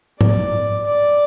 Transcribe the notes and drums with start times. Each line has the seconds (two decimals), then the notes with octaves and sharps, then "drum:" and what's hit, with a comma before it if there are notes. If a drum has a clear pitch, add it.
0.21 D5, drum: tom
0.86 D5